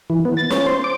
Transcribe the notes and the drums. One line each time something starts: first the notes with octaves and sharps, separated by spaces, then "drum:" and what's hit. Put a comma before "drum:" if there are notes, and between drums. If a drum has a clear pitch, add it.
E3
B3
A6
C#4, drum: snare
C5
D6